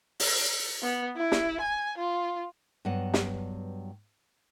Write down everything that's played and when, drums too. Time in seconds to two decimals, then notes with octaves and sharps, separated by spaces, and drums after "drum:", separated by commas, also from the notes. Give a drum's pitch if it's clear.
0.20 drum: open hi-hat
0.82 B3
1.17 E4
1.32 drum: snare
1.61 G#5
1.98 F4
2.85 G2 F#3 B3 F#5
3.14 drum: snare